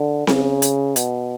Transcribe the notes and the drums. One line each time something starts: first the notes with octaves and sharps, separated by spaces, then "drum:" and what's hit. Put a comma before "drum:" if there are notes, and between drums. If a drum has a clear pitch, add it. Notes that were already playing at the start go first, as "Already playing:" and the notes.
Already playing: D3
C#3, drum: snare C4
drum: hi-hat
B2, drum: hi-hat